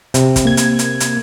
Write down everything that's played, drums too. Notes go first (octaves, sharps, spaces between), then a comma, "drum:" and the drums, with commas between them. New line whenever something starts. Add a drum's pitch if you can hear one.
C3, drum: hi-hat
drum: kick, hi-hat
A#3 G#6
drum: hi-hat
drum: hi-hat
drum: hi-hat